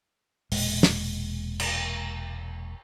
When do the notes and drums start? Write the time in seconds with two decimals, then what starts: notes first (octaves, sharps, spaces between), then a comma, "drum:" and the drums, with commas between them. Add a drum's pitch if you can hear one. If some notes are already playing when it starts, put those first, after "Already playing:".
0.52 E1 A#2 G#3, drum: open hi-hat
0.83 drum: snare
1.60 drum: cymbal